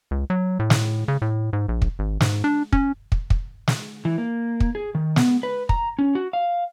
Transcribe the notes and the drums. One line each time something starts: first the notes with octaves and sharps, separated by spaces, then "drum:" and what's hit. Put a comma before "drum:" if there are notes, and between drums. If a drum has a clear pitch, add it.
C#2
F#3
A2
drum: snare
C#3
A2
G#2
A#1
drum: kick
G#1
G#2, drum: snare
D4
C#4, drum: kick
drum: kick
drum: kick
drum: snare
E3
A#3
drum: kick
G#4
D#3
B3, drum: snare
B4
A#5, drum: kick
C#4
F#4
F5